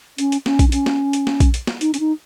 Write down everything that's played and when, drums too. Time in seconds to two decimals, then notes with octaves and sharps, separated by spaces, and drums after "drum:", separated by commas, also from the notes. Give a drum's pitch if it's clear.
0.18 C#4, drum: hi-hat
0.32 drum: hi-hat
0.46 C#4, drum: snare
0.59 drum: kick A#1, hi-hat
0.69 D#4
0.72 C#4, drum: hi-hat
0.86 drum: snare
1.13 drum: hi-hat
1.27 drum: snare
1.40 drum: kick A#1, hi-hat
1.54 drum: hi-hat
1.67 drum: snare
1.81 D#4, drum: hi-hat
1.94 C#4, drum: hi-hat
2.00 D#4